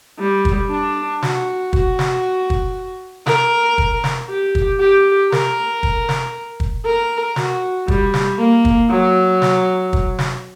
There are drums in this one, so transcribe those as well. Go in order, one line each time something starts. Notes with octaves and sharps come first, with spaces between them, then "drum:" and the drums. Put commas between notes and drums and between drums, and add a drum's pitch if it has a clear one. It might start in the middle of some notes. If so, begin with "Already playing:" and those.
G3
drum: kick
D4
F#4, drum: snare
F#4, drum: kick
drum: snare
drum: kick
A#4, drum: snare
drum: kick
drum: snare
G4
drum: kick
G4
A#4, drum: snare
drum: kick
drum: snare
drum: kick
A#4
F#4, drum: snare
G3, drum: kick
drum: snare
A#3
drum: kick
F#3
drum: snare
drum: kick
drum: snare